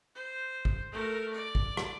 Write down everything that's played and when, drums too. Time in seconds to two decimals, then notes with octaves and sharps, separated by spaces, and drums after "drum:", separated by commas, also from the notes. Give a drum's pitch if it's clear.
0.15 C5
0.65 drum: kick
0.92 A3 A#4
1.32 D5
1.55 drum: kick
1.77 drum: rim click